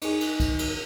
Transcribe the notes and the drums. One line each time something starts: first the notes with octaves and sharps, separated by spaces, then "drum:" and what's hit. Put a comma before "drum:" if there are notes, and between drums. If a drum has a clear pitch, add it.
D#4 G#4, drum: cymbal
drum: cymbal
drum: kick C2, cymbal
drum: cymbal